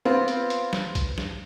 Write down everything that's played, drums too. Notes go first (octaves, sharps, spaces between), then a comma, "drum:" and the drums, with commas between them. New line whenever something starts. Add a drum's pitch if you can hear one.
B3 C4 F4
drum: hi-hat
drum: hi-hat
drum: snare
drum: kick, hi-hat
drum: snare